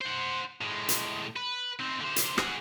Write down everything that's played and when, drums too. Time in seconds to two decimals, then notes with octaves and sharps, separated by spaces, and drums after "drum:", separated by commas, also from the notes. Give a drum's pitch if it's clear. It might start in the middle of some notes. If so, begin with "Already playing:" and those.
0.01 C5 F#5
0.61 A2 G#3
0.89 drum: hi-hat
1.36 B4
1.80 C4 D#4
2.01 D3 C5
2.16 drum: hi-hat
2.38 F#4 G#4, drum: rim click